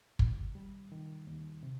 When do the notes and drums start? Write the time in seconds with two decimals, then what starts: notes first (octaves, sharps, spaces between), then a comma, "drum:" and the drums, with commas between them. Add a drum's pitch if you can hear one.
0.19 D#2, drum: kick
0.55 G3
0.92 D#3
1.27 D#2
1.63 C3